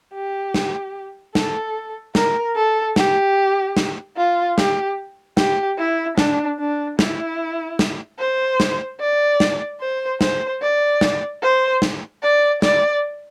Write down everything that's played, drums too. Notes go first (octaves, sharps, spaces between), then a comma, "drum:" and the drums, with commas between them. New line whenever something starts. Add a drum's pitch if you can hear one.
G4
drum: snare
A4, drum: snare
A#4, drum: snare
A4
G4, drum: snare
drum: snare
F4
G4, drum: snare
G4, drum: snare
E4
D4, drum: snare
D4
E4, drum: snare
drum: snare
C5
drum: snare
D5
drum: snare
C5
C5, drum: snare
D5
drum: snare
C5
drum: snare
D5
D5, drum: snare